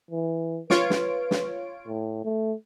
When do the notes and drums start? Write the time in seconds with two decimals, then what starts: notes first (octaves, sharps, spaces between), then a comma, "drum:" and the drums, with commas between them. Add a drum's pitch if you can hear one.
0.11 E3
0.70 F4 B4 C#5 D7, drum: snare
0.90 drum: snare
1.31 drum: snare
1.87 A2
2.24 A3